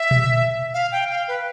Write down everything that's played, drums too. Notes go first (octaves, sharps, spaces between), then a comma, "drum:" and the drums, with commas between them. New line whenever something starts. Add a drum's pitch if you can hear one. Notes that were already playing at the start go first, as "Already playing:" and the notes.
Already playing: E5
drum: tom A#2
F5
G5
F5
B4